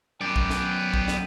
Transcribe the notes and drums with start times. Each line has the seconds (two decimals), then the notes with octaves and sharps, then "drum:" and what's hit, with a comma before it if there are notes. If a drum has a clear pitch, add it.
0.21 F#2 B3 D5 G5
0.36 drum: kick B1
0.50 drum: snare
0.94 drum: kick B1
1.08 drum: snare